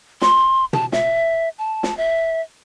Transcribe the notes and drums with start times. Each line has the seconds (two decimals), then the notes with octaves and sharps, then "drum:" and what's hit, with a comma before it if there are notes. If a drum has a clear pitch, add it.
0.22 C6, drum: snare
0.73 A5, drum: tom
0.92 E5, drum: snare
1.58 A5
1.83 drum: snare
1.97 E5